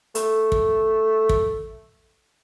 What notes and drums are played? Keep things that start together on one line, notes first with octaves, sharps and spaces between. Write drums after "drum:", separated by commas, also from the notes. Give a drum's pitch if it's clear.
A3, drum: hi-hat
drum: kick
drum: kick